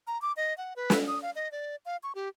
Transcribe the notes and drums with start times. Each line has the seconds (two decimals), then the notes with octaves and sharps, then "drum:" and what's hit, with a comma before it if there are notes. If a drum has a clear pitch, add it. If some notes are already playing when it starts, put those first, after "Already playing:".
0.07 A#5
0.22 D6
0.37 D#5
0.58 F#5
0.76 B4
0.90 drum: snare
1.08 D#6
1.22 F5
1.36 D#5
1.52 D5
1.85 F5
2.03 C#6
2.15 G4